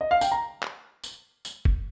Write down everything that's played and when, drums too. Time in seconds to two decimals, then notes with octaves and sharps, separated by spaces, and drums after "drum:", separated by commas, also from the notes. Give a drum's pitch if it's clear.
0.01 D#5
0.11 F5
0.21 G5, drum: tambourine
0.32 A#5
0.62 drum: clap
1.04 drum: tambourine
1.45 drum: tambourine
1.65 drum: kick F#1